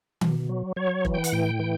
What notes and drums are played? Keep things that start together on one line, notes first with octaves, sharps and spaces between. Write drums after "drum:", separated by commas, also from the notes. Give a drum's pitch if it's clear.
B2, drum: tom D#3
F#3
F#3 C#5
E3, drum: kick F1
G5
F#5, drum: hi-hat
A2 G5
E3